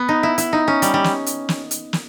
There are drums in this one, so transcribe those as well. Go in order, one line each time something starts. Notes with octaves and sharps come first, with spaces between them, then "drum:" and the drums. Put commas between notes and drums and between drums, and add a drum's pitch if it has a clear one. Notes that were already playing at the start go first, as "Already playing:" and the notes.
Already playing: B3
D#4
E4
E4, drum: hi-hat
D#4
C#4
G3, drum: hi-hat
G3
drum: snare
drum: hi-hat
drum: snare
drum: hi-hat
drum: snare